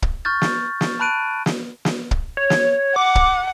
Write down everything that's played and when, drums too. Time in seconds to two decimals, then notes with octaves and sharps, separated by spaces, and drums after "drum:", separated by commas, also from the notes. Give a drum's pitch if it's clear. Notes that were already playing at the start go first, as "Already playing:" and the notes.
0.02 drum: kick
0.25 C#6 F6 G6 A6
0.42 drum: snare
0.81 drum: snare
1.00 A5 B5 F#6 D7 D#7
1.46 drum: snare
1.85 drum: snare
2.11 drum: kick
2.37 C#5
2.50 drum: snare
2.96 F#5 D6
3.15 drum: kick